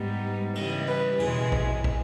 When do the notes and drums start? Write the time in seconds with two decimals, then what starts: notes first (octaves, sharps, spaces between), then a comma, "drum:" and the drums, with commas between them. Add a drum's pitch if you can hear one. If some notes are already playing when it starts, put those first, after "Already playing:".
Already playing: G#2 G3 B3 D#4
0.55 C#3 E3 G3 D#5, drum: cymbal
0.88 B4
1.19 E2 B2 G#3 G#4, drum: cymbal
1.52 drum: kick
1.84 drum: kick